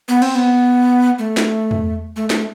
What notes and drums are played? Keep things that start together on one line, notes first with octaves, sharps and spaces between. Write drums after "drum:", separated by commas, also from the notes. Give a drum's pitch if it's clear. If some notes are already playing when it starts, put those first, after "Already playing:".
B3
C4, drum: cymbal
B3
A3
drum: snare
drum: tom E2
A3
A3, drum: snare